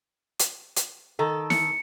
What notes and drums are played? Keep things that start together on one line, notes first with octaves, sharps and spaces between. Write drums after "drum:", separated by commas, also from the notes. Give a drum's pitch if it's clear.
drum: hi-hat
drum: hi-hat
D#3 A4
C#7, drum: snare